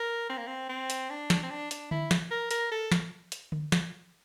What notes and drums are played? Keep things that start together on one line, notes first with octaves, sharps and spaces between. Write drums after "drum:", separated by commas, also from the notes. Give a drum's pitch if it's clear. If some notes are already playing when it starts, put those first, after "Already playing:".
Already playing: A#4
C4
A#3
C4
C4
drum: hi-hat
D4
drum: snare
C4
D4
D4, drum: hi-hat
E4, drum: tom D3
drum: snare
A#4
A#4, drum: hi-hat
A4
drum: snare
drum: hi-hat
drum: tom D3
drum: snare